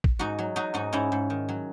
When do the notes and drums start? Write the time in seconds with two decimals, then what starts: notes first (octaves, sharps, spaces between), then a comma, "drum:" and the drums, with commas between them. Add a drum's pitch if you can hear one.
0.04 drum: kick
0.19 G#2 D#4 F#4
0.39 F#3
0.56 F#3 D#4 F#4
0.74 G#2 D#4 F#4
0.93 G#2 C#4 E4
1.12 G#2
1.30 D#3
1.49 F#3